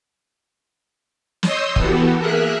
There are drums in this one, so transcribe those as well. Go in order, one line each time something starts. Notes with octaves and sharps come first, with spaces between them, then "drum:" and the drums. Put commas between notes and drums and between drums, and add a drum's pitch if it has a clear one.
C#5 D#5 C6 D#6 E6 G6, drum: snare
E3 B3 F#4 G4 A4, drum: kick
A#3 G#4 A#4 E5 F#6